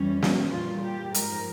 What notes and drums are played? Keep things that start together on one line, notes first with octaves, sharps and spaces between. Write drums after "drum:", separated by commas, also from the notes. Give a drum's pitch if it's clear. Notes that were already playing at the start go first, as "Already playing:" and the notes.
Already playing: F2 E3 G3 C#4
drum: snare
A#2 G3 F4
G4
G#2 F3 G#3 A#4, drum: hi-hat